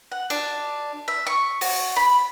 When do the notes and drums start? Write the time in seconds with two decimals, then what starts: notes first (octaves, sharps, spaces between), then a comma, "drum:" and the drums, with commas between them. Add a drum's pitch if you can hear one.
0.12 F#5
0.30 D4, drum: cymbal
1.08 E5
1.27 C#6
1.61 F#4, drum: open hi-hat
1.96 B5